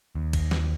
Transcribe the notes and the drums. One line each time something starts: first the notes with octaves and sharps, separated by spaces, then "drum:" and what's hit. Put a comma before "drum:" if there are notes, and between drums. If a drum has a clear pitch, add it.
D#2
drum: kick, cymbal
drum: snare